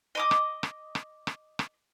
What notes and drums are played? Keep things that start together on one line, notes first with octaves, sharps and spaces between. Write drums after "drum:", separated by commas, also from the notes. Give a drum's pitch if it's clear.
D#5 D6 D#6
drum: rim click
drum: rim click
drum: rim click
drum: rim click
drum: rim click